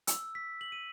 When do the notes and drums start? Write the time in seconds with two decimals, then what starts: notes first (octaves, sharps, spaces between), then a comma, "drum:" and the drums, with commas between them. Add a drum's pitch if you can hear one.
0.07 E6, drum: hi-hat
0.35 B6
0.61 F#7
0.72 D#7